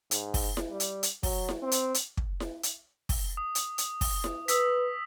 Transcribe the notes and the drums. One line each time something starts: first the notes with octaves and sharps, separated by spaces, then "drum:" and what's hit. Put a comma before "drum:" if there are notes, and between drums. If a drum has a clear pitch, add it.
G#2, drum: hi-hat
drum: kick, open hi-hat
drum: snare E4
G3
drum: hi-hat
drum: hi-hat
F#3, drum: kick, open hi-hat
drum: snare E4
C4
drum: hi-hat
drum: hi-hat
drum: kick
drum: snare E4
drum: hi-hat
drum: kick, open hi-hat
D#6
drum: hi-hat
drum: hi-hat
drum: kick, open hi-hat
drum: snare E4
B4 D#6 E6 B6, drum: hi-hat